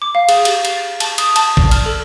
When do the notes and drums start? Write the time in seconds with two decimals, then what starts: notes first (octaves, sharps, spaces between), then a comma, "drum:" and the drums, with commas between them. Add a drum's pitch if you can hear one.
0.02 D6
0.15 F5
0.29 G#4, drum: cymbal
0.45 G4, drum: cymbal
0.65 C7, drum: cymbal
0.77 A6
1.00 A5, drum: cymbal
1.18 D#6, drum: cymbal
1.36 A5, drum: cymbal
1.57 D5, drum: kick
1.71 F6, drum: cymbal
1.86 A4